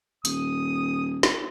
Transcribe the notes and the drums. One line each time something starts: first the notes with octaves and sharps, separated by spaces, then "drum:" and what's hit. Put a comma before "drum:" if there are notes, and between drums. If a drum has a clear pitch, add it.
D#1 D#6, drum: hi-hat
drum: snare